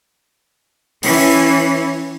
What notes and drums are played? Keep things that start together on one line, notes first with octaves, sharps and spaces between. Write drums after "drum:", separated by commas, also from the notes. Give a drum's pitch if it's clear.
E3 C#4, drum: open hi-hat